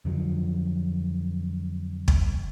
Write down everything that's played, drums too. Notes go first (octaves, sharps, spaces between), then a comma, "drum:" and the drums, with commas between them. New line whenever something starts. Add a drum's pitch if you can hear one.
F2 D3 F3 F#3
drum: kick